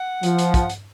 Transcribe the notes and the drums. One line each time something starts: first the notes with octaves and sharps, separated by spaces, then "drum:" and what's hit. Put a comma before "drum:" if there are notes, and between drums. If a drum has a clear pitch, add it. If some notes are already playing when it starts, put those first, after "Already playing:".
Already playing: F#5
F3, drum: hi-hat
drum: hi-hat
drum: kick, hi-hat
drum: hi-hat